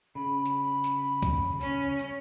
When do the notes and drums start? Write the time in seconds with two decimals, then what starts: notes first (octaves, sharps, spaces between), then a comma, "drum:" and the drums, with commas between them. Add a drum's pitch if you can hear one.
0.15 C#3 B5
0.45 drum: tambourine
0.84 drum: tambourine
1.22 drum: kick, tambourine
1.61 C#4, drum: tambourine
1.99 drum: tambourine